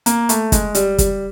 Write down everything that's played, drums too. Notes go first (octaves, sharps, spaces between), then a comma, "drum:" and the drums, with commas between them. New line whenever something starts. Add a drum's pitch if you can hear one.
A#3, drum: hi-hat
A3, drum: hi-hat
G#3, drum: kick, hi-hat
G3, drum: hi-hat
G3, drum: kick, hi-hat